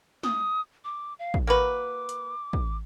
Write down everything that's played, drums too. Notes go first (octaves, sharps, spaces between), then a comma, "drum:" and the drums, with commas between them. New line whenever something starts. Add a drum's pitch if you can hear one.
D#6, drum: snare
D6
F5
drum: kick
A#3 F#4 B4 D6
drum: hi-hat
drum: kick